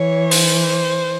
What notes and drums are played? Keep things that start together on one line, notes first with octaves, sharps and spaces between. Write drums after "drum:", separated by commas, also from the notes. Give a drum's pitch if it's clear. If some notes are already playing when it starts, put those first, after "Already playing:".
Already playing: E3 C#5
C5, drum: open hi-hat